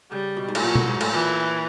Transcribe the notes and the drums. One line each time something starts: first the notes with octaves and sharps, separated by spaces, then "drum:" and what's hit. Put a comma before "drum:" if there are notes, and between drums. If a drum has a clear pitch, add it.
C#3 G3
B2
G#2
A2, drum: cymbal
A#2 F#3
A2, drum: tom B2
G#2
A2, drum: cymbal
A#2 E3